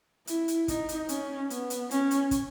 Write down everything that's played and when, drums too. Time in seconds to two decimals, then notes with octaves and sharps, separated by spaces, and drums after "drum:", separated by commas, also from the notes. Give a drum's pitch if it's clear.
0.27 E4, drum: hi-hat
0.48 drum: hi-hat
0.68 D#4, drum: kick, hi-hat
0.89 drum: hi-hat
1.09 C#4, drum: hi-hat
1.50 B3, drum: hi-hat
1.70 drum: hi-hat
1.91 C#4, drum: hi-hat
2.11 drum: hi-hat
2.31 drum: kick, hi-hat